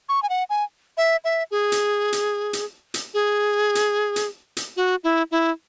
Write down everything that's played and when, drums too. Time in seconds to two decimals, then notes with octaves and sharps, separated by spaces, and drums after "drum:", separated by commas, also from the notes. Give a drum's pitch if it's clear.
0.09 C#6
0.23 G#5
0.30 F#5
0.50 G#5
0.97 E5
1.24 E5
1.51 G#4
1.72 drum: hi-hat
2.13 drum: hi-hat
2.53 drum: hi-hat
2.94 drum: hi-hat
3.14 G#4
3.75 drum: hi-hat
4.16 drum: hi-hat
4.57 drum: hi-hat
4.77 F#4
5.04 E4
5.31 E4